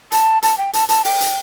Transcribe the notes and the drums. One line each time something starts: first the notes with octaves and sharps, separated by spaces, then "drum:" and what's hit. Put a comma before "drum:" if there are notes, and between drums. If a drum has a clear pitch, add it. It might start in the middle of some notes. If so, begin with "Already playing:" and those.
A5, drum: hi-hat
A5, drum: hi-hat
G5
A5, drum: hi-hat
A5, drum: hi-hat
G5, drum: open hi-hat
drum: hi-hat